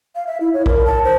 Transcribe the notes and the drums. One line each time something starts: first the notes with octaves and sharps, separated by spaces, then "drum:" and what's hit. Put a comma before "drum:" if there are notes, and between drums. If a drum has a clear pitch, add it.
F5
E5
E4
C#5
A#4, drum: kick A#1
A5
C5